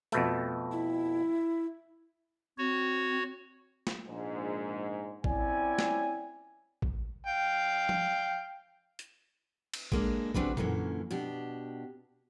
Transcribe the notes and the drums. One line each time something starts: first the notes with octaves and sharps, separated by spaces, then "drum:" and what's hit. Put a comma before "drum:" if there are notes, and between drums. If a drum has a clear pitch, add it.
F2 B2 A3, drum: hi-hat
E4
C4 F#4 C#5
drum: snare
A#1 G#2
C4 C#4 E4 D5 G5 G#5, drum: kick A1
drum: snare
drum: kick A1
F5 G5
drum: tom F3
drum: hi-hat
drum: cymbal
G#3 A#3 D4, drum: kick A1
C#3 G3 C4 D4 F#4 B4, drum: kick A1
F#2 A#2 D3 E3 A#3 C#4, drum: tom A#2
B2 D4 G4